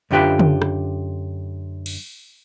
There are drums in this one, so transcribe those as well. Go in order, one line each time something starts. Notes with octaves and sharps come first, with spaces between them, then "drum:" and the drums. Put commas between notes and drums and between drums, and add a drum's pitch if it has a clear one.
F#2 D3 F4 G4 B4 E5
drum: tom
drum: rim click
drum: cymbal